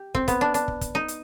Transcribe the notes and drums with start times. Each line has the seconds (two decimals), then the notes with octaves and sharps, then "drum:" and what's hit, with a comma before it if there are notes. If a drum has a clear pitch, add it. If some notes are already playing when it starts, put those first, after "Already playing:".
Already playing: G4
0.15 C4, drum: kick
0.28 B3, drum: kick, hi-hat
0.41 D4
0.54 D4, drum: hi-hat
0.68 drum: kick
0.81 drum: kick, hi-hat
0.95 D#4
1.08 drum: hi-hat